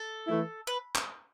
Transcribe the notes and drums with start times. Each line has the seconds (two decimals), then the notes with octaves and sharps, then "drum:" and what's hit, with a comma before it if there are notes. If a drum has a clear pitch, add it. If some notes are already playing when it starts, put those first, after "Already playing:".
Already playing: A4
0.27 E3 A3 E4
0.67 B4
0.95 drum: clap